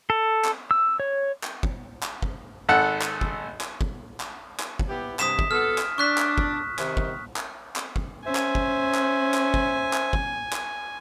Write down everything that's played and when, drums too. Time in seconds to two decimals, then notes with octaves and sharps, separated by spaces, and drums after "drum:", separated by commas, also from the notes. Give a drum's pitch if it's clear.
0.10 A4
0.45 drum: clap
0.71 E6
1.00 C#5
1.43 drum: clap
1.63 drum: kick
2.03 drum: clap
2.23 drum: kick
2.69 G#1 A4 F#5
3.02 drum: clap
3.21 drum: kick
3.61 drum: clap
3.81 drum: kick
4.20 drum: clap
4.60 drum: clap
4.79 drum: kick
4.89 B3 E4 G4
5.19 G2 C3 D#6 B6 E7, drum: clap
5.39 drum: kick
5.51 B3 F#4 A4 F6
5.78 drum: clap
5.98 D4 C#6 F#6 B6
6.18 drum: clap
6.38 drum: kick
6.79 C3 D#3, drum: clap
6.97 drum: kick
7.36 drum: clap
7.76 drum: clap
7.96 drum: kick
8.26 C#4 C5 E5 G#5
8.35 drum: clap
8.55 drum: kick
8.95 drum: clap
9.34 drum: clap
9.54 drum: kick
9.93 drum: clap
10.13 drum: kick
10.53 drum: clap